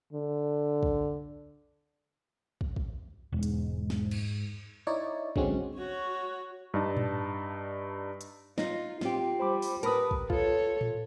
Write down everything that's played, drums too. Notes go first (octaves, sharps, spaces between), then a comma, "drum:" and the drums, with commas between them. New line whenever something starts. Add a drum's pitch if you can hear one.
D3
drum: kick
drum: kick
drum: kick
E1 G#2
drum: hi-hat
drum: snare
drum: cymbal
D#4 E4 C#5 D5
D3 F#3 G#3 C4 C#4 F#4, drum: kick
F#4 C#5
G2 D#4 D5 A5
drum: tom A2
drum: hi-hat
D#4 F4, drum: snare
C4 F4 G4, drum: snare
G3 C5 B5 D6
drum: open hi-hat
A#4 B4 A5 B5 D#6, drum: hi-hat
drum: kick
F4 A4 C#5, drum: kick
drum: tom A2